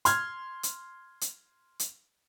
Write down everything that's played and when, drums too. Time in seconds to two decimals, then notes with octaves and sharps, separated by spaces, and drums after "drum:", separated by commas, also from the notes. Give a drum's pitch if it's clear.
0.05 C6 F6 G#6, drum: hi-hat
0.63 drum: hi-hat
1.21 drum: hi-hat
1.79 drum: hi-hat